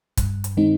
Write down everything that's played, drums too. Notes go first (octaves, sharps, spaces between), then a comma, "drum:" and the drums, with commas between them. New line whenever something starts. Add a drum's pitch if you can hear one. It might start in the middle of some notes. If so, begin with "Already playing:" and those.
G2, drum: kick C#1, hi-hat
drum: hi-hat
D#3 G#3 C4 D#4